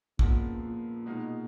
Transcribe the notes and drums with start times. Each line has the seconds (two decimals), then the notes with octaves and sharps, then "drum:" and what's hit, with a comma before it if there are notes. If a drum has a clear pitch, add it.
0.19 F#2 A#2 F3 G#3 B3, drum: kick
0.63 A#2
1.06 B2 G#3 D#4 A#4